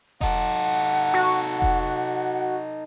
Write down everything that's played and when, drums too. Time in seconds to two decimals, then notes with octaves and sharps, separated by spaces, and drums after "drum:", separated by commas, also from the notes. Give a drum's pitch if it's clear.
0.21 D#4 A4 F#5, drum: kick E1
1.14 F#4
1.62 drum: kick E1